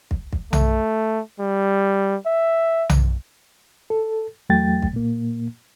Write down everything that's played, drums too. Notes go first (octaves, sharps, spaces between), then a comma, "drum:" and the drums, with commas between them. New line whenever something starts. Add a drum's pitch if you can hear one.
drum: kick
drum: kick
A3, drum: tom B1
G3
E5
drum: tom B1
A4
E2 F#3 A3 G5 A6
drum: kick
A#2 A#3